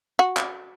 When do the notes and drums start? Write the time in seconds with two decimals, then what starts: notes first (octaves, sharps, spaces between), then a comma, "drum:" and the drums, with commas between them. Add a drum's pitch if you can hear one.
0.19 F#4
0.37 drum: clap